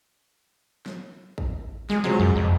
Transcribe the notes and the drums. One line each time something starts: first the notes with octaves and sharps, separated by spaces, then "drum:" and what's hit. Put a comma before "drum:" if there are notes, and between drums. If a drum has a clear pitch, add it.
drum: snare
drum: kick
G#3, drum: snare
C3 F3 F#3 G#3
F#2
F2